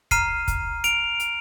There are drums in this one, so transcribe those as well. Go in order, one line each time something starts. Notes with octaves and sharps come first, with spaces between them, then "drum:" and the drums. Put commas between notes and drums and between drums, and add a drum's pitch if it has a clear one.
A#5 F6 C7 D#7, drum: kick, hi-hat
drum: kick, hi-hat
D7 F7, drum: hi-hat
drum: hi-hat